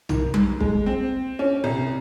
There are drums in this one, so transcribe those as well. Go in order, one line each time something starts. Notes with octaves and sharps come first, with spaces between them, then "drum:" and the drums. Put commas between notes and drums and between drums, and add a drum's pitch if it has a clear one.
D#3, drum: tom
drum: tom G3
G#3, drum: kick
C4
C#4
C2